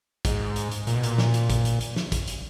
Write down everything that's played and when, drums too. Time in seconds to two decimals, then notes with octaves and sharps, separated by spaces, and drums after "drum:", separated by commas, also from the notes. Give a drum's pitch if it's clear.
0.25 G#2, drum: kick, hi-hat
0.56 drum: hi-hat
0.72 drum: hi-hat
0.87 A#2, drum: hi-hat
0.96 B2
1.03 A#2, drum: hi-hat
1.18 drum: snare
1.34 drum: hi-hat
1.50 drum: kick, hi-hat
1.65 drum: hi-hat
1.81 drum: hi-hat
1.96 drum: snare
2.12 drum: kick, hi-hat
2.28 drum: hi-hat